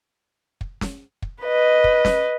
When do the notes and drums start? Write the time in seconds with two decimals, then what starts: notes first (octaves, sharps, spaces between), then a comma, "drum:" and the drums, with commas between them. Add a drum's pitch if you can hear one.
0.61 drum: kick
0.81 drum: snare
1.22 drum: kick
1.43 B4 D#5
1.84 drum: kick
2.05 drum: snare